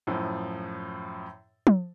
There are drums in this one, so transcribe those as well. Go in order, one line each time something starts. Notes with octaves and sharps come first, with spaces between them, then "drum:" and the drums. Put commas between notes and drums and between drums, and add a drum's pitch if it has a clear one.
F#2 A2 F3
drum: tom